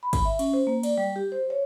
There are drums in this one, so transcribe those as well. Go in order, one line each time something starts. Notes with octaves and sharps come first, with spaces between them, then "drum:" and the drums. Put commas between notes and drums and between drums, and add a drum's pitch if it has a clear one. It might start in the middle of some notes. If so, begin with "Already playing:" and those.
B5
drum: kick, cymbal
E5
C#4, drum: cymbal
C5
A#3
D5, drum: cymbal
G3
G4
C5
C#5